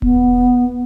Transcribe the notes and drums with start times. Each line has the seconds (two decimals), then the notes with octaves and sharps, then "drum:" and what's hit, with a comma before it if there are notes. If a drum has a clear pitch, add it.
0.02 B3, drum: kick E1